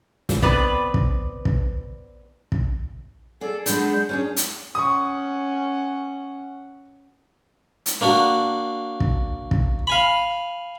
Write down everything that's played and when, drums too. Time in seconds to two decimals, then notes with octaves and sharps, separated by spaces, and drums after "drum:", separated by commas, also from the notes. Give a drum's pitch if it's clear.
0.29 drum: snare
0.42 B3 C4 B4 D5, drum: kick
0.94 drum: kick
1.45 drum: kick
2.52 drum: kick
3.41 G#4 A4 D5
3.66 G#3 B3 D4 G6, drum: hi-hat
4.09 C#4 D4 G#4
4.37 drum: hi-hat
4.75 C#4 F#5 C#6 D#6
7.86 drum: hi-hat
8.01 A#3 D4 F#4
9.00 drum: kick
9.51 drum: kick
9.87 F5 G#5 B5